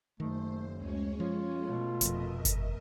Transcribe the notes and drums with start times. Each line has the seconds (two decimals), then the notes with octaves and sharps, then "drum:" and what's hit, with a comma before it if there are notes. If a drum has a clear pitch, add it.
0.20 F#1 D#3 A3 C5
0.76 D2 G#3 C#4 C#5
1.20 F3 F4
1.62 B2 A3
2.01 F1 F2 A#4 D#5 E5, drum: hi-hat
2.45 drum: kick G1, hi-hat